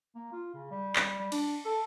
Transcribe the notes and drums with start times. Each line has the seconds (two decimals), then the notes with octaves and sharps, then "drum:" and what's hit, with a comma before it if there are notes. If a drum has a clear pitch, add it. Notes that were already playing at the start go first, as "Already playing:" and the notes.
0.15 A#3
0.32 F4
0.54 C#3
0.71 G3
0.96 G3, drum: clap
1.19 G3
1.32 D4, drum: cymbal
1.65 A4